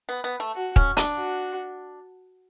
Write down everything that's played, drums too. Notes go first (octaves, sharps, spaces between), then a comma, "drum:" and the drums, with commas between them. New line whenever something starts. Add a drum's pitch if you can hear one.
B3
B3
A3
F#4
C#4, drum: kick
D4, drum: hi-hat
F#4